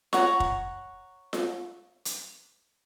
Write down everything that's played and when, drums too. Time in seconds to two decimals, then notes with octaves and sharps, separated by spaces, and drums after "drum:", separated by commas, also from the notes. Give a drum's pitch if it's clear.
0.13 C#5 F#5 A#5, drum: snare F4
0.40 drum: kick
1.33 drum: snare F4
2.05 drum: hi-hat